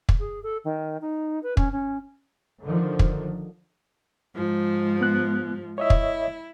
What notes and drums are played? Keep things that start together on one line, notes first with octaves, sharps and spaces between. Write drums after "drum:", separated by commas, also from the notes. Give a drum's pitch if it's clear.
drum: kick
G#4
A4
D#3
D#4
B4
C#4, drum: kick
C#4
D3 D#3 F3
drum: kick
G#2 F3
B3 F#6
E4 C#5 D#5 E5
drum: kick